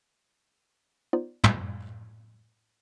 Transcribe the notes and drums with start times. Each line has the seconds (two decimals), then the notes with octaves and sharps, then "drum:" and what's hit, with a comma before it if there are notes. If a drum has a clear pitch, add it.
1.13 B3 D#4 F4 C5 D5
1.44 drum: tom